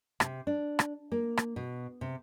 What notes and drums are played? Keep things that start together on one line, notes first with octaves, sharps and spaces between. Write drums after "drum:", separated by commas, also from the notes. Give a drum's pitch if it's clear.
C3, drum: rim click
D4
drum: rim click
A#3
drum: rim click
B2
C3